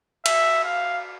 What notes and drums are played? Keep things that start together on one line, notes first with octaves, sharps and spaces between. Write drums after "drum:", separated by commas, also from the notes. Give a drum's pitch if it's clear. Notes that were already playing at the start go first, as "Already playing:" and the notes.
E5, drum: cymbal
F5